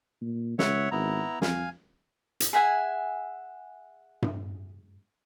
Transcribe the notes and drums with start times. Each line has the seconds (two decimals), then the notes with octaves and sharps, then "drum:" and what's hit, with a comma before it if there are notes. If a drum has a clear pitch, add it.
0.21 A#2
0.59 C#2 C#5 E5 F#5, drum: snare
0.92 G#1 B3 E4 A#5
1.42 F2 F5 G#5, drum: snare
2.40 drum: hi-hat
2.53 G#4 E5 F#5 G#5
4.22 drum: tom G2